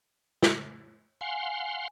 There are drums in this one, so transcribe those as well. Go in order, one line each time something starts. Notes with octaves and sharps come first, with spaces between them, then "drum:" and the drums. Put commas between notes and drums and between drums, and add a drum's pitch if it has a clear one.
drum: snare
F5 F#5 G#5 C6